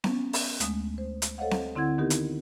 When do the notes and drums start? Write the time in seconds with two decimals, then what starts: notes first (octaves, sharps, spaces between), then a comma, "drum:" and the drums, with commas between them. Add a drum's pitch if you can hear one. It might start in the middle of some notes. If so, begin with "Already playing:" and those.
0.04 B3 C#4, drum: snare C4
0.33 drum: open hi-hat
0.60 D2 G#3 A3 D#6, drum: hi-hat
0.98 C5
1.22 drum: hi-hat
1.38 A4 C5 C#5 D#5 F5 F#5
1.51 drum: snare C4
1.75 D3 C4 E4 F#5 G#6
1.98 D#3 B3 D#4 G4 A#4
2.10 drum: hi-hat